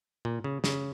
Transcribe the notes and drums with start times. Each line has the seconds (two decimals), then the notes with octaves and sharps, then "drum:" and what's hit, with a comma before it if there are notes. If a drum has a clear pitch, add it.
0.25 A#2
0.44 C#3
0.64 C#3, drum: snare